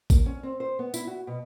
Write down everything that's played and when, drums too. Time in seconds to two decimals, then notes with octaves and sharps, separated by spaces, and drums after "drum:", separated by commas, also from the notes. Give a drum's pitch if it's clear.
0.10 A#3, drum: kick A1, tambourine
0.26 C#4
0.43 C4
0.60 C5
0.79 B3
0.94 E4, drum: tambourine
1.07 F#4
1.27 B2